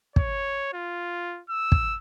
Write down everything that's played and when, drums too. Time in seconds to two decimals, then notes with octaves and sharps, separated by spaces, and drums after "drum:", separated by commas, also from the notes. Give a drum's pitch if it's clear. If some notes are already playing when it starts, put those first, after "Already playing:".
0.16 C#5, drum: kick
0.73 F4
1.50 E6
1.72 drum: kick